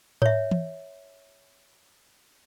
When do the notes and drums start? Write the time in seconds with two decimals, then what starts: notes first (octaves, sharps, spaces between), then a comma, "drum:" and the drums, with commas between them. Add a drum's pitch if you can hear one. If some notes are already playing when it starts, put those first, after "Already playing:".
0.22 C#5 E5, drum: tom G#2
0.51 drum: tom E3